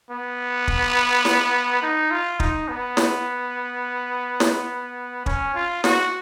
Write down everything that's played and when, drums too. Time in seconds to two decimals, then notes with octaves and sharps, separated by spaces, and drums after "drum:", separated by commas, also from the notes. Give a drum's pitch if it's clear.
0.11 B3
0.68 drum: kick
1.25 drum: snare
1.83 D#4
2.11 F4
2.40 D#4, drum: kick
2.68 B3
2.97 drum: snare
4.40 drum: snare
5.26 C#4, drum: kick
5.55 F4
5.84 F#4, drum: snare